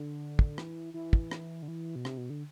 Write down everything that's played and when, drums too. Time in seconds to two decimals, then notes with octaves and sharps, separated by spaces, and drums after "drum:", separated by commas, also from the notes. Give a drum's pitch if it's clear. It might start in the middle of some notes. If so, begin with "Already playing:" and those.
Already playing: D3
0.39 drum: kick
0.58 E3, drum: rim click
0.94 E3
1.13 drum: kick
1.31 drum: rim click
1.62 D3
1.68 E3
1.96 B2
2.05 C3, drum: rim click
2.18 B2
2.30 D3